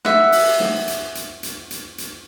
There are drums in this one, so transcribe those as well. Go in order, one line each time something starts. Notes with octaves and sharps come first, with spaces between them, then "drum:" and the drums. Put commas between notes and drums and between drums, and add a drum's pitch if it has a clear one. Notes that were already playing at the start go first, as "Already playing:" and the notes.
E5 F#5, drum: snare
drum: open hi-hat
drum: snare
drum: hi-hat
drum: hi-hat
drum: hi-hat
drum: hi-hat
drum: hi-hat